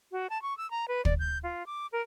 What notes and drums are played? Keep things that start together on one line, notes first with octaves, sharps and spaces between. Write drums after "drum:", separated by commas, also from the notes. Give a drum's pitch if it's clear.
F#4
A5
C#6
E6
A#5
B4
D5, drum: kick
G6
F4
D6
A#4